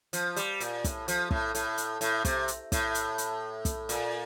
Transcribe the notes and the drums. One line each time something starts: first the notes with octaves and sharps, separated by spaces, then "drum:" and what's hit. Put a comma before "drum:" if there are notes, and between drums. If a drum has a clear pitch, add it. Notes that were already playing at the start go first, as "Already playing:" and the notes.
F3, drum: hi-hat
G3, drum: hi-hat
A#2, drum: hi-hat
A2, drum: kick, hi-hat
F3, drum: hi-hat
A2, drum: kick
A2, drum: hi-hat
drum: hi-hat
A2, drum: hi-hat
C3, drum: kick, hi-hat
drum: hi-hat
A2, drum: kick, hi-hat
drum: hi-hat
drum: hi-hat
drum: kick, hi-hat
A#2, drum: hi-hat